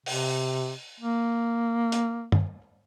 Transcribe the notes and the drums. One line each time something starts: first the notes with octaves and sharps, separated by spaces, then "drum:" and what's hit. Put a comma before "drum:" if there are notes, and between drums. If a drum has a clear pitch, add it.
C3, drum: open hi-hat
A#3
drum: hi-hat
drum: tom